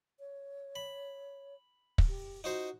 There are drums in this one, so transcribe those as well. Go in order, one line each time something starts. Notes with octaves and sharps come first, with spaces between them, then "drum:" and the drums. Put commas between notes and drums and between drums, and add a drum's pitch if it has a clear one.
C#5
B5
drum: kick
G4
D#4 F4 F#4 C5